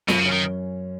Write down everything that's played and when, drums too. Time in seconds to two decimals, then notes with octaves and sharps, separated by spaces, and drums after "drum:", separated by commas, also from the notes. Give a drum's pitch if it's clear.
0.08 F#2 B2, drum: snare F4
0.19 C#3
0.26 C#4
0.32 D#3